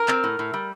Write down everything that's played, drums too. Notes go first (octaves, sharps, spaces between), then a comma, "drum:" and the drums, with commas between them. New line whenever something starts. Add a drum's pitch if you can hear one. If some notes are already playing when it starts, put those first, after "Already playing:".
Already playing: A#4
C4, drum: clap
A2
A2
G3